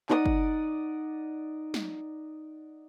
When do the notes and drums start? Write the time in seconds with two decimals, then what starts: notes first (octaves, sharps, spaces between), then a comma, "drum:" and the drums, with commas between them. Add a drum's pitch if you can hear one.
0.09 D#4 D5 F#5 D#6, drum: clap
0.26 drum: kick
1.74 drum: snare